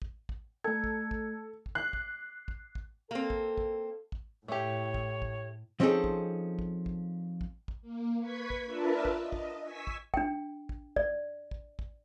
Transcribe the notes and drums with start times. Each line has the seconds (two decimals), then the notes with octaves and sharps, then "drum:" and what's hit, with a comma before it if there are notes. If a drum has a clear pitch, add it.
0.02 drum: kick
0.29 drum: kick
0.64 A3 A4 G#6
0.84 drum: kick
1.11 drum: kick
1.66 drum: kick
1.75 F#6 C7
1.93 drum: kick
2.48 drum: kick
2.75 drum: kick
3.11 A#3 C4 A4
3.30 drum: kick
3.58 drum: kick
4.12 drum: kick
4.48 A2 A3 G4 C#5
4.94 drum: kick
5.22 drum: kick
5.80 F3 C4 C#4 D#4 G#4 A4
6.04 drum: kick
6.59 drum: kick
6.86 drum: kick
7.41 drum: kick
7.68 drum: kick
7.82 A#3
8.20 B4 C#6 G#6 B6
8.50 drum: kick
8.66 D4 F4 A#4 B4 E5 A5
9.05 drum: kick
9.18 D#5
9.32 drum: kick
9.63 G#5 C#6 E6 B6
9.87 drum: kick
10.14 D4 G5, drum: kick
10.69 drum: kick
10.96 D5, drum: kick
11.51 drum: kick
11.79 drum: kick